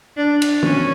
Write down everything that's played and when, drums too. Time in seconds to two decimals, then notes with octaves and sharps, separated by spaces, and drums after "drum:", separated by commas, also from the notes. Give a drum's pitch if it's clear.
0.17 D4
0.42 drum: cymbal
0.63 C#4, drum: tom D#3